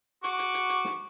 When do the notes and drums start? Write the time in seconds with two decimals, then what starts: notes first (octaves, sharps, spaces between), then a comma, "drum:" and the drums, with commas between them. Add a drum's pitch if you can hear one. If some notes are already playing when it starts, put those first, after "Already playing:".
0.24 F#4 C#6 D6, drum: hi-hat
0.39 drum: hi-hat
0.54 drum: hi-hat
0.69 drum: hi-hat
0.85 drum: snare